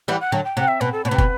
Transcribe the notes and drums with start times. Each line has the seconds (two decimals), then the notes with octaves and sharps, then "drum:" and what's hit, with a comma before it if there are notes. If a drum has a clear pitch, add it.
0.08 E3 G3 F#5
0.20 F#5
0.32 D3 F#3 G5
0.44 G5
0.57 C3 F#5
0.68 E5
0.81 B2 B4
0.92 A4
1.04 B2 D5
1.08 C3 B4
1.18 B2, drum: kick